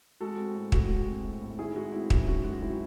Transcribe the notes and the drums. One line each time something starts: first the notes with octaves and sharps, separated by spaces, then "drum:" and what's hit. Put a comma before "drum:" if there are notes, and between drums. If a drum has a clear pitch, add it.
G#3 F#4 A4
C4
A2
A2 F#4, drum: kick
G#3
C4
A2
A2
D#3 E4 G#4
G#3 F#4
C4 E4
F#2 F#4, drum: kick
D#3 F#4
G#3 F#4
C4 E4